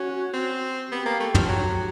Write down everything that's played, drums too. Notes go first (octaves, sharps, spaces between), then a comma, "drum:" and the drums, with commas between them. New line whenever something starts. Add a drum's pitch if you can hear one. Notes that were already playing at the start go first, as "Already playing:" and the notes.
Already playing: C#4 F#4
C4
B3 G4
A#3
A3
F3, drum: tom
F#3